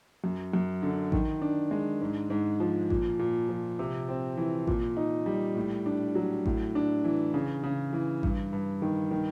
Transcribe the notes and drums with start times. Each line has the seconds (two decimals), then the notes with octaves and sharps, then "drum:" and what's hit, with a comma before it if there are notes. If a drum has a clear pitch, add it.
0.24 F#2
0.53 F#2
0.83 D3
1.12 D#3, drum: kick A1
1.42 D4
1.71 G#3
2.01 G#2
2.30 G#2
2.60 F3
2.90 A#2, drum: kick A1
3.19 A#2
3.48 F3
3.79 C3
4.09 C4
4.37 E3
4.67 A#2, drum: kick A1
4.97 D#4
5.26 G3
5.56 A2
5.86 D4
6.15 F#3
6.46 A2, drum: kick A1
6.75 D4
7.04 E3
7.34 C#3
7.63 C#3
7.93 E3
8.23 G2, drum: kick A1
8.53 G2
8.82 D#3
9.11 D#3